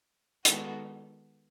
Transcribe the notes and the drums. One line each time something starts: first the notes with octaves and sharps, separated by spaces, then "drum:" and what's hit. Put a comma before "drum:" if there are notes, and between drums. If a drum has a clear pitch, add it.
D#3 G#3 B3 F#4 A4, drum: hi-hat